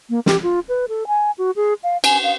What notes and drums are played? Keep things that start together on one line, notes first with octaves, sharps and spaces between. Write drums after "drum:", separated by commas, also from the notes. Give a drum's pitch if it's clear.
A#3
G4, drum: snare
F4
B4
A4
G#5
F#4
G#4
F5
G#5, drum: cymbal
F5